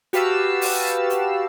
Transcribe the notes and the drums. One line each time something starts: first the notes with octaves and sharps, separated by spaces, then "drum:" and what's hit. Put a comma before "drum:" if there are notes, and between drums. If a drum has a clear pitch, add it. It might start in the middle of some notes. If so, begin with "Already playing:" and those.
F#4 G4 B4 F5 A5 E6, drum: hi-hat
drum: open hi-hat
drum: hi-hat